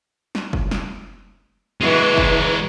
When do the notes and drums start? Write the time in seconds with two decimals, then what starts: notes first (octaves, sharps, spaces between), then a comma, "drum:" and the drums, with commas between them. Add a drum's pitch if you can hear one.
0.35 drum: snare
0.53 drum: kick
0.71 drum: snare
1.81 E3 G#3 F#4
2.17 drum: kick